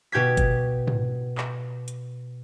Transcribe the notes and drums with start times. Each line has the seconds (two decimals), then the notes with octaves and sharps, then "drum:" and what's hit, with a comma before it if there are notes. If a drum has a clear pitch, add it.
0.12 B2 G4 G6 G#6 B6
0.37 drum: kick G1, hi-hat
0.87 drum: tom G#2
1.38 drum: clap
1.88 drum: hi-hat